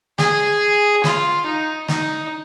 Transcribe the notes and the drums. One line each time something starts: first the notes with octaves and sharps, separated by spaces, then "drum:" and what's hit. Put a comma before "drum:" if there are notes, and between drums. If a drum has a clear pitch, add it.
G#4, drum: snare
F4, drum: snare
D#4
D#4, drum: snare